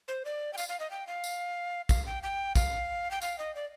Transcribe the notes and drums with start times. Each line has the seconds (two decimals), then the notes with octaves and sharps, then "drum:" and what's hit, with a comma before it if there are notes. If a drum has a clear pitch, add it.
0.08 C5
0.25 D5
0.53 G5
0.58 F5, drum: tambourine
0.69 F5
0.80 D#5
0.91 G5
1.07 F5
1.24 drum: tambourine
1.89 F5, drum: kick, tambourine
2.06 G5
2.23 G5
2.55 F5, drum: kick, tambourine
3.11 G5
3.22 F5, drum: tambourine
3.38 D#5
3.55 D5